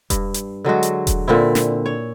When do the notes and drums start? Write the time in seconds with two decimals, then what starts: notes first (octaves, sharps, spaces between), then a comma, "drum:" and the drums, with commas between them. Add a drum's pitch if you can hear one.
0.10 G2, drum: kick E1, hi-hat
0.34 drum: hi-hat
0.65 D3 F#3 G#3 F#4
0.83 drum: hi-hat
1.07 drum: kick E1, hi-hat
1.28 A#2 D3 C4 E4
1.55 drum: snare
1.86 C#5